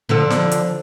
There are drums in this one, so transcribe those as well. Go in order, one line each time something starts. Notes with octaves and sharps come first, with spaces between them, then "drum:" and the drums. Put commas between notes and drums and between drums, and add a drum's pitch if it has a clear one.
D3 F3 A4
drum: snare
drum: hi-hat